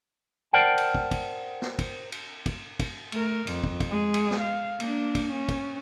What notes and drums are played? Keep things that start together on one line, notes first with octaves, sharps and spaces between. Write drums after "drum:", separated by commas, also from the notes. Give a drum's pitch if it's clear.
A#4 C5 D5 F#5 G5 A5
drum: cymbal
drum: kick
drum: kick, cymbal
drum: snare
drum: kick, cymbal
drum: cymbal
drum: kick, cymbal
drum: kick, cymbal
A3 A#4, drum: cymbal
F2, drum: cymbal
drum: kick
drum: kick, cymbal
G#3 G#4
drum: cymbal
drum: snare
F5
A#3 D4, drum: cymbal
drum: kick, cymbal
C#4
drum: kick, cymbal